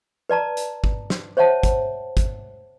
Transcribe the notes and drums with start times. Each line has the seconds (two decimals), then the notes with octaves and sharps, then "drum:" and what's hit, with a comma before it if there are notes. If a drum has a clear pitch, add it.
0.29 B4 D5 A5 A#5
0.57 drum: hi-hat
0.84 drum: kick
1.10 drum: snare
1.37 C5 C#5 E5 F#5 A5
1.63 drum: kick, hi-hat
2.17 drum: kick, hi-hat